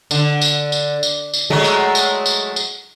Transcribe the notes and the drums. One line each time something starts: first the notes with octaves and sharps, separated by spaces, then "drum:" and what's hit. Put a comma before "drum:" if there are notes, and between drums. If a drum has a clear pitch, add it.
D3, drum: tambourine
drum: tambourine
drum: tambourine
drum: tambourine
drum: tambourine
F#3 G#3 A3
drum: tambourine
drum: tambourine
drum: tambourine
drum: tambourine